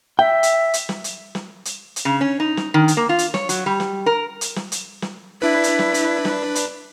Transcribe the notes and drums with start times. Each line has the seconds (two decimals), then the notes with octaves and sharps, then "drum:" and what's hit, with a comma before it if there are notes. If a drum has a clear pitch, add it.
0.19 E5 G5
0.43 drum: hi-hat
0.74 drum: hi-hat
0.89 drum: snare
1.04 drum: hi-hat
1.35 drum: snare
1.65 drum: hi-hat
1.96 drum: hi-hat
2.05 C#3
2.21 C#4
2.40 D#4
2.57 drum: snare
2.74 D#3
2.88 drum: hi-hat
2.97 A#3
3.09 F4
3.19 drum: hi-hat
3.34 C#5, drum: snare
3.49 F#3, drum: hi-hat
3.66 G3
3.80 drum: snare
4.06 A#4
4.41 drum: hi-hat
4.56 drum: snare
4.72 drum: hi-hat
5.02 drum: snare
5.42 D4 E4 B4
5.64 drum: hi-hat
5.79 drum: snare
5.94 drum: hi-hat
6.25 drum: snare
6.55 drum: hi-hat